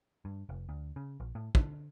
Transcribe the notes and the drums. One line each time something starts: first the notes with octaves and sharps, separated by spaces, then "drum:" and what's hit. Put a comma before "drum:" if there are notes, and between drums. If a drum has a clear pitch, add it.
G2
F1
D2
C#3
A#1
A2
D3, drum: kick